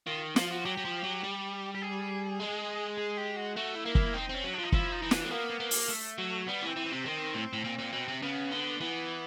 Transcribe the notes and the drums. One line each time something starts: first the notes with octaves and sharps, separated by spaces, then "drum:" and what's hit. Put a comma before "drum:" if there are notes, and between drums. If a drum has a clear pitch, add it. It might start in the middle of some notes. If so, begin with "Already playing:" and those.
D#3 F4
F3 F4, drum: snare
F#4
F#3 G4
F#3
F3
F#3
G3
G4
G#4
G#3
G#4
G4
F#4
A3 F#4
E4
A#3
E4, drum: kick
C4 D#4
C4 C#4
F#3
D4
F3
D#4
F3 E4, drum: kick
D#4
E3
D4, drum: snare
A3
A#3 B3
B3
A#3
drum: open hi-hat
A3
F#3
G3 B3
E3 C4
E3
C3 C4
D#3 C4
A2
A2
A#2
A#2
B2
C3
C#3 B3
D3
E3 B3